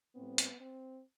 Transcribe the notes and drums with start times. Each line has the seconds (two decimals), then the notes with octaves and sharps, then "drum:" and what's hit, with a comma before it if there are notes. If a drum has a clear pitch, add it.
0.15 A2 G3 B3 C4
0.38 drum: hi-hat
0.60 C4